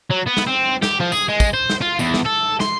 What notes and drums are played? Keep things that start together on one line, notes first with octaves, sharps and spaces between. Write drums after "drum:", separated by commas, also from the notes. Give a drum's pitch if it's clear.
F#3
B3
drum: snare
C4
G4, drum: snare
F3
G#4, drum: tambourine
G#3
drum: kick, tambourine
C5
drum: snare
F4
E2, drum: tambourine
drum: snare
A4
C6, drum: snare